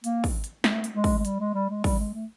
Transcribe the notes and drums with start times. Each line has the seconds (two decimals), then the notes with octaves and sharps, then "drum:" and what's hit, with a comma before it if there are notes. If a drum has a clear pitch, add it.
0.04 A#3, drum: hi-hat
0.24 drum: kick, open hi-hat
0.44 drum: hi-hat
0.64 A3, drum: snare
0.84 drum: hi-hat
0.95 G#3
1.04 drum: kick, open hi-hat
1.18 G#3
1.25 G3, drum: hi-hat
1.40 G#3
1.54 G3
1.70 G#3
1.84 G3, drum: kick, open hi-hat
1.99 G#3
2.14 A3